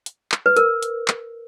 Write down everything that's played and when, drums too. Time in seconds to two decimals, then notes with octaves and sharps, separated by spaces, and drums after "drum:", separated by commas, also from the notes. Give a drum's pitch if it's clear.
0.06 drum: hi-hat
0.32 drum: clap
0.46 B4
0.57 A#4, drum: hi-hat
0.83 drum: hi-hat
1.08 drum: clap